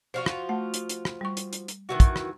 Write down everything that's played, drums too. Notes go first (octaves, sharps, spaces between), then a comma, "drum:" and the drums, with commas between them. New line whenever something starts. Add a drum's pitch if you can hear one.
F3 F4 F#4 C5
drum: rim click
A3 F#5
drum: hi-hat
drum: hi-hat
drum: rim click
G3 C#6
drum: hi-hat
drum: hi-hat
drum: hi-hat
D#3 E3 F#4
drum: kick, hi-hat
drum: rim click